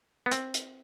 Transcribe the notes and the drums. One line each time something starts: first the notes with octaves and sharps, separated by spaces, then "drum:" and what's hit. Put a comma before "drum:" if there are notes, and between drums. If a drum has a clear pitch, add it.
B3
C4, drum: hi-hat
drum: hi-hat